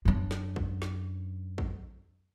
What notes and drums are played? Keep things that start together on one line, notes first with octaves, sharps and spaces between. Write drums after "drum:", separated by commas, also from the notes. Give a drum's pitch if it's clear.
F#2 D4
drum: snare
drum: kick
drum: snare
drum: kick